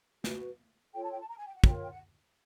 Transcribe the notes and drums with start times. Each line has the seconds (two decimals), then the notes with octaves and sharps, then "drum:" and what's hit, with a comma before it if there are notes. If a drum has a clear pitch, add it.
0.24 F#4 B4, drum: snare
0.94 F4 A4 C#5 G5
1.03 A5
1.11 G5
1.21 A5
1.29 A#5
1.39 G#5
1.47 G5
1.55 F#5
1.64 F4 A#4 C#5 G5, drum: kick
1.82 G5
1.90 F#5